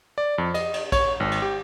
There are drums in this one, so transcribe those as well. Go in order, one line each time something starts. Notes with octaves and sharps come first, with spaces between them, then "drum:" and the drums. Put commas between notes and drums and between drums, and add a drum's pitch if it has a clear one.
D5
F2
D#5, drum: cymbal
drum: cymbal
C#5, drum: kick, cymbal
G#1
drum: cymbal
G4